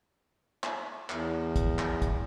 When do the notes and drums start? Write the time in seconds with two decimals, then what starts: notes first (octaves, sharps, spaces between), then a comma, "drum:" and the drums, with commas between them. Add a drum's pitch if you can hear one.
0.64 drum: clap
1.10 E2, drum: clap
1.56 drum: kick, hi-hat
1.79 drum: clap
2.02 drum: kick, hi-hat